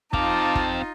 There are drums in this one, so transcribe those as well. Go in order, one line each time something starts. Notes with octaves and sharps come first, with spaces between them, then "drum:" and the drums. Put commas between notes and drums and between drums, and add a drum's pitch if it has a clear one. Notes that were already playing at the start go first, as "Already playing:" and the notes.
C4 D#4 F4 F5 A5 D6, drum: kick
drum: kick